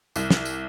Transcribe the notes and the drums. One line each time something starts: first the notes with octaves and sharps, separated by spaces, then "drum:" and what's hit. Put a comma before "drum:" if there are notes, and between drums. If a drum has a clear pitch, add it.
C2, drum: tambourine
drum: snare
drum: tambourine